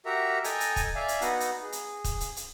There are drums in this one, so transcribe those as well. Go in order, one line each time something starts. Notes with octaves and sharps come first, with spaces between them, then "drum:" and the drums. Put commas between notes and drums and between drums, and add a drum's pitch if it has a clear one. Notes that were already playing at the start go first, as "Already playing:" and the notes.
F#4 G4 A#4 E5 A#5
A4 D#5 G5 G#5 A#5, drum: hi-hat
drum: hi-hat
drum: kick, hi-hat
D5 E5 F5 G#5
drum: hi-hat
B3 D#4 F#4 F#5, drum: hi-hat
drum: hi-hat
G#4
drum: hi-hat
drum: kick, hi-hat
drum: hi-hat
drum: hi-hat